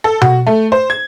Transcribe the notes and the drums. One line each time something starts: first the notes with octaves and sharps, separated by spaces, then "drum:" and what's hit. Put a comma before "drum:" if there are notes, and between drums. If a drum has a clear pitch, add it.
A4
F#4, drum: tom B2
A3
C5
G#6